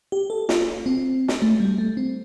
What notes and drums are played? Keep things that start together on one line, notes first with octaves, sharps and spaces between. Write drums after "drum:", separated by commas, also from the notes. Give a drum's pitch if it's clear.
G4
A4
F4, drum: snare
C4
drum: snare
A3
G3
A3
C4